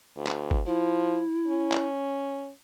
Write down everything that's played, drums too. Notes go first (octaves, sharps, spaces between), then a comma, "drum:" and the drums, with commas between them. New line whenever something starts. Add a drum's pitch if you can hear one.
D2
drum: clap
drum: kick
F3 E4
C#4
drum: clap